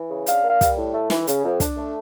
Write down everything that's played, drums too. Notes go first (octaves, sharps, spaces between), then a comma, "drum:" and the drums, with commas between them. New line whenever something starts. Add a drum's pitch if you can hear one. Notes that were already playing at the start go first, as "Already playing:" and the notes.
Already playing: E3
C#3
D4 F5, drum: hi-hat
A#3
F5
G3, drum: kick, hi-hat
A2
A3
E3, drum: snare
C#3, drum: hi-hat
F2
D4, drum: kick, hi-hat
A3